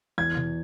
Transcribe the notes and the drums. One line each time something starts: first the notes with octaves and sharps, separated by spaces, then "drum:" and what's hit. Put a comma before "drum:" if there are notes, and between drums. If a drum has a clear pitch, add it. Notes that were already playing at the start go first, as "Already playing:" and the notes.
E2 G#6
drum: tom B2